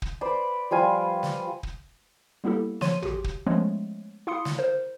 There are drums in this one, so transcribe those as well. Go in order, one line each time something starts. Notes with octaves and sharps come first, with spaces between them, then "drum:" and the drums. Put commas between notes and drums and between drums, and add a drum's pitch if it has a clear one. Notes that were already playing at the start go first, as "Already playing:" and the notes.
drum: kick
B4 C5 D5 D6
F3 G3 F4 G#5
drum: snare
drum: kick
G3 A#3 B3 E4 G4 A4
F3 C#5 C6 D#7, drum: snare
F#4 G4, drum: tom
drum: kick
F3 G#3 A3 B3 C#4 C#5
E4 F5 C6 D#6 C#7
drum: snare
A#4 C5